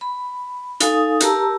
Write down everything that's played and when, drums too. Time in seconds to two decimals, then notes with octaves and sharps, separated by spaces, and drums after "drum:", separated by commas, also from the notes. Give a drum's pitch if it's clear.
0.01 B5
0.80 D#4 A4 F5 G#5 D#6, drum: hi-hat
1.20 G4 A#4 A5 A#5 E6, drum: hi-hat